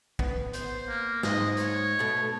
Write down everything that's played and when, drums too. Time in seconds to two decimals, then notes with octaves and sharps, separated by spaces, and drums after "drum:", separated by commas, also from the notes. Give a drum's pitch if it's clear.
0.19 B3, drum: kick A#1
0.53 C5, drum: hi-hat
0.87 A#3
1.23 G#2 D#5, drum: snare
1.57 C#5, drum: hi-hat
1.99 B2 A3